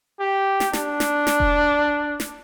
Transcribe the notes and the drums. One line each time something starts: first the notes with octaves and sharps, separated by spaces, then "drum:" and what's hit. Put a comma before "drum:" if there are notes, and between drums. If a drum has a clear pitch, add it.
G4
drum: snare
D4, drum: snare
drum: snare
drum: snare
drum: kick E1
drum: snare